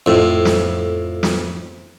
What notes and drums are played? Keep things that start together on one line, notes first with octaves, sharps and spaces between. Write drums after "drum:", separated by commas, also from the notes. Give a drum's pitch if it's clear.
F2 A2
drum: snare
drum: snare